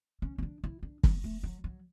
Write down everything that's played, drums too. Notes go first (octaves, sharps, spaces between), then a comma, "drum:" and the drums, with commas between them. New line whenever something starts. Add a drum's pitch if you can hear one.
C#4
C#4
D4
E4
D4
B3, drum: kick
A3
F#3
F#3